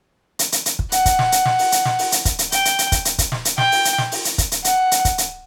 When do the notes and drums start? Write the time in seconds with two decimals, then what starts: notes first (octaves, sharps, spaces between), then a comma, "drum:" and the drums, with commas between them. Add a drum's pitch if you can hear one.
0.39 drum: hi-hat
0.52 drum: hi-hat
0.66 drum: hi-hat
0.79 drum: kick
0.92 F#5, drum: hi-hat
1.06 drum: kick, hi-hat
1.19 drum: snare
1.32 drum: hi-hat
1.45 drum: snare
1.59 drum: open hi-hat
1.72 drum: hi-hat
1.85 drum: snare
1.99 drum: open hi-hat
2.12 drum: hi-hat
2.25 drum: kick, hi-hat
2.39 drum: hi-hat
2.52 G5, drum: hi-hat
2.65 drum: hi-hat
2.79 drum: hi-hat
2.92 drum: kick, hi-hat
3.05 drum: hi-hat
3.18 drum: kick, hi-hat
3.32 drum: snare
3.45 drum: hi-hat
3.58 G5, drum: snare
3.72 drum: open hi-hat
3.85 drum: hi-hat
3.98 drum: snare
4.12 drum: open hi-hat
4.25 drum: hi-hat
4.38 drum: kick, hi-hat
4.52 drum: hi-hat
4.64 F#5, drum: hi-hat
4.91 drum: hi-hat
5.05 drum: kick, hi-hat
5.18 drum: hi-hat